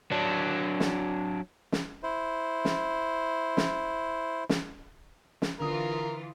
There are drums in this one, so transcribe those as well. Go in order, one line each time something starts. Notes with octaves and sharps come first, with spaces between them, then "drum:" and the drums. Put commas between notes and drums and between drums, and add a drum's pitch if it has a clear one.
F#3 D4
drum: snare
drum: snare
E4 C5
drum: snare
drum: snare
drum: snare
drum: snare
D3 E3 F4 A#4 D#6